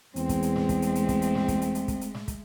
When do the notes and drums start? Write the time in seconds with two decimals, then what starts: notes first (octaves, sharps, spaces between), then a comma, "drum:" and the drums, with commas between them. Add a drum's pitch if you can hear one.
0.16 E2 G#3 A3 C4, drum: hi-hat
0.29 drum: kick, hi-hat
0.42 drum: hi-hat
0.56 drum: snare
0.69 drum: kick, hi-hat
0.82 drum: hi-hat
0.95 drum: hi-hat
1.09 drum: kick, hi-hat
1.22 drum: hi-hat
1.35 drum: snare
1.48 drum: kick, hi-hat
1.62 drum: hi-hat
1.75 drum: hi-hat
1.88 drum: kick, hi-hat
2.01 drum: hi-hat
2.14 drum: snare
2.28 drum: kick, hi-hat